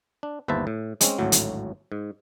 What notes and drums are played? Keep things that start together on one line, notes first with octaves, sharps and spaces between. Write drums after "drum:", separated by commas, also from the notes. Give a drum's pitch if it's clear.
D4
G1 D#2 B4 C5 E5 A5
A2
G#3 C4 C#4, drum: hi-hat
G#1 D2 A2 F#3
drum: hi-hat
G#2